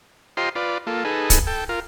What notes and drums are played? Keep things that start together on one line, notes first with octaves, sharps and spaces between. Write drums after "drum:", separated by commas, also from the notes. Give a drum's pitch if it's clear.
F4 G4 C5 D#5 A#5 C6
F4 B4 D5
A#3 F4 A4
D#4 G#4 A4 B4
drum: kick, hi-hat
A4 G5
F4 A#4